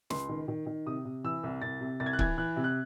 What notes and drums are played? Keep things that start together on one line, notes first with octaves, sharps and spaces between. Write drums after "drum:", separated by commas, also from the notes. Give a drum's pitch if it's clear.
C#2 C6, drum: snare
D#3
D#3
D#3
C3 D#6
C3
E3 E6
C2
C2 A6
C3
C2 A6
G#6
F#6
E3 G#6, drum: kick C#1
E3 F#6
C3
F#6